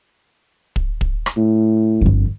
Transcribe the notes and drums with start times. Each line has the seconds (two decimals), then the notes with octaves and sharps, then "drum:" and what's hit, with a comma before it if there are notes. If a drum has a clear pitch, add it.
0.76 drum: kick
1.01 drum: kick
1.26 drum: rim click
1.37 A2
2.01 G1 F2